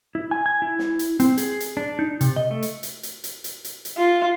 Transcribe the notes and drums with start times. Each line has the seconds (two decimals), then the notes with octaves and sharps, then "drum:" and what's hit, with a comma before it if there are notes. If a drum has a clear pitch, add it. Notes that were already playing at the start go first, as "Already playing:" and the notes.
0.15 E4
0.31 G#5
0.46 G#5
0.62 E4
0.79 drum: snare
0.99 drum: hi-hat
1.20 C4, drum: hi-hat
1.38 G#4, drum: hi-hat
1.60 drum: hi-hat
1.77 D4
1.99 D#4
2.21 C3, drum: hi-hat
2.36 D#5
2.51 A3
2.62 drum: hi-hat
2.83 drum: hi-hat
3.03 drum: hi-hat
3.24 drum: hi-hat
3.44 drum: hi-hat
3.64 drum: hi-hat
3.85 drum: hi-hat
3.98 F4